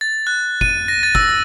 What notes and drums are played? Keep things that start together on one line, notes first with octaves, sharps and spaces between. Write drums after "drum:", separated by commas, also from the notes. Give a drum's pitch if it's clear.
A6
F#6
D#7, drum: kick
A#6
A6
E6, drum: kick